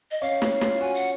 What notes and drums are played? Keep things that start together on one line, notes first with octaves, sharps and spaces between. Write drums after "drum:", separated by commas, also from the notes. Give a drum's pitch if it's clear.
D#5
C#4 F5
C#4, drum: snare
F4, drum: snare
F#4 G#5
F#5